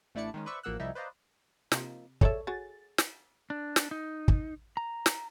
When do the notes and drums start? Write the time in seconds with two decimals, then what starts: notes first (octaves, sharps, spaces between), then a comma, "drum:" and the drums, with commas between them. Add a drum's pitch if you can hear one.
0.15 A1 A3 D4 E4 D5 C#7
0.34 D#3 G#3 C#4
0.46 B4 C5 D5 E5 C#6
0.63 A1 F3 A#3 F#5 E6 F#6
0.79 C2 F3 G3 D#4 E4 E5
0.95 B4 C5 D5 D#5 F5 A#5
1.72 C3 F3 A#3 D#4, drum: snare
2.21 G#4 A4 C#5 D5 E5, drum: kick
2.47 F#4 G#4 A6
2.98 drum: snare
3.50 D4
3.76 drum: snare
3.91 D#4
4.28 drum: kick
4.77 A#5
5.06 drum: snare